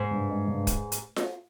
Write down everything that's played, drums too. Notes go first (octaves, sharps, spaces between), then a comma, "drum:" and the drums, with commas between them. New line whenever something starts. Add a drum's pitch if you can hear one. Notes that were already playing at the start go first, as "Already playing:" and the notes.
Already playing: G#2
G2
G#3
G2
drum: kick, hi-hat
drum: hi-hat
drum: snare F4